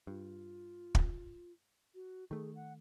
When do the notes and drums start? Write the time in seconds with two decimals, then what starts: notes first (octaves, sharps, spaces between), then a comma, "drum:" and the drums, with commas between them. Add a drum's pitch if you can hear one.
0.07 G2 F4
0.95 drum: kick
1.95 F#4
2.31 D#3 A3 G#4
2.56 F#5